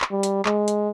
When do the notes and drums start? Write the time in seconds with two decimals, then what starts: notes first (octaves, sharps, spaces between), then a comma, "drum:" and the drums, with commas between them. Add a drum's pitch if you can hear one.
0.01 drum: clap
0.11 G3
0.23 drum: hi-hat
0.46 G#3, drum: clap
0.68 drum: hi-hat